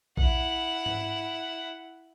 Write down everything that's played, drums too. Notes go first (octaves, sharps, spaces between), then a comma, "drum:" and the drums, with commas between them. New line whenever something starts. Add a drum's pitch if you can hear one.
E4 F#5, drum: kick A#1
drum: tom G#2